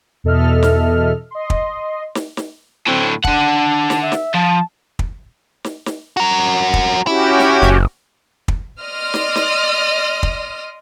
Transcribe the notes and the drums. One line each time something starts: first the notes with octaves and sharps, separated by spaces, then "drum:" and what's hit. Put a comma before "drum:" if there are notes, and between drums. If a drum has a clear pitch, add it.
E2 B2 A4 D#5 E5 F6
drum: snare
D#5 C6
drum: kick
drum: snare
drum: snare
A2 D3 C4
D4 F#5 A5, drum: kick
drum: snare
E5
drum: snare
F3 A5
drum: kick
drum: snare
drum: snare
F#4 A#4
drum: kick
C#4 E4 F#4 G4
drum: snare
F#1, drum: snare
drum: kick
D5 D#5 C6 D#6 F6
drum: snare
drum: snare
drum: kick